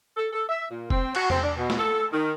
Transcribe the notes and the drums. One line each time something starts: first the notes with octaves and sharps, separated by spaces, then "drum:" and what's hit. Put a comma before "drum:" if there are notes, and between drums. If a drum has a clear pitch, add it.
A4
A4
E5
A#2
C4, drum: kick F1
F#4, drum: cymbal
C4, drum: tom E2
D4
B2
drum: snare
A4
D#3